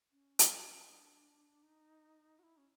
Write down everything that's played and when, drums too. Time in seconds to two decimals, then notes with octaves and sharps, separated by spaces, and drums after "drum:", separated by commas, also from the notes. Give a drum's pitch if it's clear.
0.12 C#4
0.39 drum: hi-hat
0.87 D4
1.63 D#4
2.39 F#4
2.43 E4
2.57 C#4